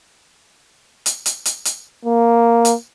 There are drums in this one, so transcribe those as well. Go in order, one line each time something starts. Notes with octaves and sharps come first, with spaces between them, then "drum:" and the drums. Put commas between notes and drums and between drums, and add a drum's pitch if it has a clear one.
drum: hi-hat
drum: hi-hat
drum: hi-hat
drum: hi-hat
A#3
drum: hi-hat